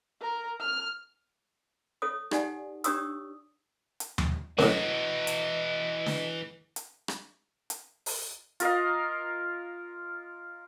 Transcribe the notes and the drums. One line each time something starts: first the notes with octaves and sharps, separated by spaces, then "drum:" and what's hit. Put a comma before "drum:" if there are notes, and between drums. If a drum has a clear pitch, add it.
A#4
F6
A4 C#5 D#6
D#4 G4 D5 F#5 G#5, drum: rim click
D4 G4 C#5 C#6 D#6 E6, drum: hi-hat
drum: hi-hat
drum: tom D#2
F#2 A2 E3 F#4 D#5, drum: snare
drum: hi-hat
drum: snare
drum: hi-hat
drum: rim click
drum: hi-hat
drum: open hi-hat
F4 A#4 D#5 F5, drum: hi-hat